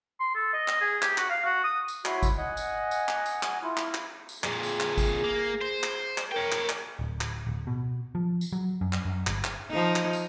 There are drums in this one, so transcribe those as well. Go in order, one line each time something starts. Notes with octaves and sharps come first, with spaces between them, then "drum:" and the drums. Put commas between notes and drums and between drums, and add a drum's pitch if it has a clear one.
C6
A4
D#5
drum: clap
G#4
G4, drum: clap
F#4, drum: clap
F5
F#4
D#6
drum: tambourine
E4 F#4 C#5 B5 C6, drum: clap
drum: kick G#1, tambourine
D#5 F#5 G#5
drum: tambourine
drum: tambourine
drum: clap
drum: tambourine
drum: clap
E4 F4
drum: clap
drum: clap
drum: tambourine
F2 A#2 G#4, drum: clap
drum: tambourine
drum: clap
drum: kick G#1, tambourine
A#3
C5
drum: clap
drum: clap
A#4 C#5 G5
drum: clap
drum: clap
D1
drum: clap
D1
B2
F3
drum: tambourine
F#3
F#2
drum: clap
F#2
G1, drum: clap
drum: clap
F3 D#4
drum: clap
drum: tambourine